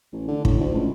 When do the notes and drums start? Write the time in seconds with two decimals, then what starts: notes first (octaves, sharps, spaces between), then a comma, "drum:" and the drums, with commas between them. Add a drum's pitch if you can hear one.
0.12 A1
0.28 D3
0.45 A2, drum: kick
0.60 D2
0.74 C#2